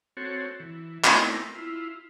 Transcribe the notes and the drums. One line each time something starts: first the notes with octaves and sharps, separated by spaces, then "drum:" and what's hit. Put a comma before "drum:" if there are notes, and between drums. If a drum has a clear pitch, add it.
C4 F#4 A4 C#5
E3
A3 B3 C4 D#4 E4 A#4, drum: clap
E4 F4